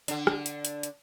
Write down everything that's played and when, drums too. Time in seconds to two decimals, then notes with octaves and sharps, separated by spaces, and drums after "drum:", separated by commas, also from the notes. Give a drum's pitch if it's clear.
0.08 D3 D4, drum: hi-hat
0.27 drum: rim click
0.46 drum: hi-hat
0.65 drum: hi-hat
0.83 drum: hi-hat